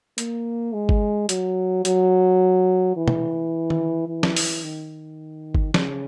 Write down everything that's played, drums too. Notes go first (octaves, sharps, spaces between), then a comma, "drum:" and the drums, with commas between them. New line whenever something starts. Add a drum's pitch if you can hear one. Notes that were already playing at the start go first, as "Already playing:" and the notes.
A#3, drum: hi-hat
G#3
drum: kick G1
F#3, drum: hi-hat
F#3, drum: hi-hat
E3
drum: tom
drum: tom
E3
drum: snare
drum: open hi-hat
D#3
drum: kick G1
C#3, drum: snare